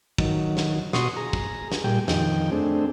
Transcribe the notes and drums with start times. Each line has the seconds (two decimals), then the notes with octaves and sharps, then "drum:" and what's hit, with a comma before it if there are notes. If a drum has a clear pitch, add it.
0.18 D#3 F#3, drum: kick
0.57 drum: snare
0.93 B2 F#4 C6 C#6 D#6, drum: snare
1.16 G#4 A#5
1.33 drum: kick
1.72 drum: snare
1.84 A#2 G3 G#4 G5
2.08 F2 D#3 G5, drum: snare
2.51 A3 C4 D4 G#4